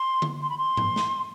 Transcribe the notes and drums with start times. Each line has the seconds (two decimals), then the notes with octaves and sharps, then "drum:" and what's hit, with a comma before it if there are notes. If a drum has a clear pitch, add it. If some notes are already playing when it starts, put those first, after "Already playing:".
Already playing: C6
0.22 drum: tom D3
0.42 C6
0.50 B5
0.58 C6
0.77 drum: tom
0.96 drum: snare